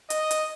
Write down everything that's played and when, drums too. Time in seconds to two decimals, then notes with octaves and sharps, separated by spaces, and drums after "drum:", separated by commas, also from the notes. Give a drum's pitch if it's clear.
0.10 D#5, drum: hi-hat
0.31 drum: hi-hat